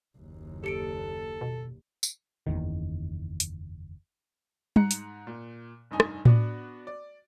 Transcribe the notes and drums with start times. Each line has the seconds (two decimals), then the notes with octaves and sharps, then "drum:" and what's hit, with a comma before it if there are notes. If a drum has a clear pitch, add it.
0.18 F#1 D#2
0.64 G4 A4 C#7 D7
1.41 B2
2.03 drum: tambourine
2.47 F#1 B1 E2 D#3
3.40 drum: hi-hat
4.76 G#2 A#5 F#6 C#7, drum: tom G3
4.91 drum: hi-hat
5.27 A#2
5.91 F1 G2 D#4 G#5
6.00 drum: rim click
6.25 B3 D4 F#4, drum: tom A2
6.87 D5